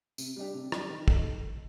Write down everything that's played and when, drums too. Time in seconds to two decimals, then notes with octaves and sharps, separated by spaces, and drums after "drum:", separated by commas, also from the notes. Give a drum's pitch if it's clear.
0.18 C3, drum: tambourine
0.36 G3 D4 G4
0.54 C3
0.72 G3 D4 G4, drum: rim click
0.90 D#3
1.08 D#4 A4, drum: kick